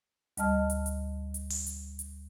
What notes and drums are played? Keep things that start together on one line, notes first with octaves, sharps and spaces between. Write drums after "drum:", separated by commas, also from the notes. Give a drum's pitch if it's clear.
D2 G3 D#5 A5 F6, drum: hi-hat
drum: hi-hat
drum: hi-hat
drum: hi-hat
drum: open hi-hat
drum: hi-hat
drum: hi-hat